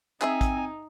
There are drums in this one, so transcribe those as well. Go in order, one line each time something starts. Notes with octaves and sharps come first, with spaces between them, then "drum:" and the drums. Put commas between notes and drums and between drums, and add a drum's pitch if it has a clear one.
C4 D#4 G#4 E5 G#5, drum: clap
drum: kick A1, hi-hat